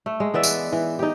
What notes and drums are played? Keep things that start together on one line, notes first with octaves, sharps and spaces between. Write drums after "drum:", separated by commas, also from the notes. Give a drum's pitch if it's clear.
A3
G#3
E3 B3 D5 E5
drum: tambourine
E3
D#4 G4